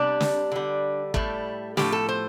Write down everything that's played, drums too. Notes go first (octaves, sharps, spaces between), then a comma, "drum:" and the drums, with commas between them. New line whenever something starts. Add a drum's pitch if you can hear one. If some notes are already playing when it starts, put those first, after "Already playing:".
Already playing: C3 G3 D4
drum: snare
D3 G3
A2 G3 A3, drum: kick
A2 F3 A3 G4, drum: snare
A4
C5